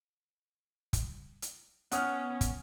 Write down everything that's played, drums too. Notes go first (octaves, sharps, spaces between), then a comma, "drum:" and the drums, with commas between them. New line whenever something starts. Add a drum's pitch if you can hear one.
drum: kick, hi-hat
drum: hi-hat
B3 C#4 F#5 D#6 F6, drum: hi-hat
drum: kick, hi-hat